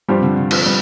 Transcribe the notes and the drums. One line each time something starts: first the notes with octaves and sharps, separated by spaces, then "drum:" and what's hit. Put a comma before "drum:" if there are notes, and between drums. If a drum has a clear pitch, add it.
G2 F3 G3 D4 G4 C5
C3
D3
D3
F3, drum: cymbal
G3